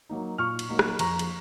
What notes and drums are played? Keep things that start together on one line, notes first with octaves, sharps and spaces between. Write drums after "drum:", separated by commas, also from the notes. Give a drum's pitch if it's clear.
F#3 A#3 D#4
A#2 C#6 F6
drum: cymbal
F#3 A#3 D#4
drum: rim click
F2 A#5 C#6, drum: cymbal
drum: cymbal